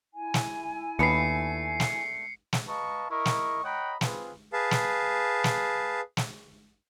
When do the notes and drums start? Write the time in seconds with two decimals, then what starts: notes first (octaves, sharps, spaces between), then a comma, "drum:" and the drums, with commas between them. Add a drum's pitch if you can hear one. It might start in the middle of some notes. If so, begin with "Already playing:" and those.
0.13 E4 G#5
0.34 drum: snare
0.99 D#2 D3 A3 B3 C7 C#7
1.80 drum: snare
2.53 drum: snare
2.68 B4 D#5 F5 A5 A#5 C#6
3.10 E4 A#4 D#5 C#6
3.25 drum: snare
3.64 C#5 D#5 F#5 G5 A#5 B5
4.01 C4 F4 G#4 B4, drum: snare
4.53 G#4 B4 F5 A5
4.71 drum: snare
5.44 drum: snare
6.17 drum: snare